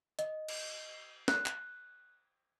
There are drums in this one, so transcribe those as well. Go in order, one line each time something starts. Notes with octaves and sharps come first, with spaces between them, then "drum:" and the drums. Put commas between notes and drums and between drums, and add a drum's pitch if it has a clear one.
D#5, drum: hi-hat
drum: cymbal
F#6, drum: snare
drum: clap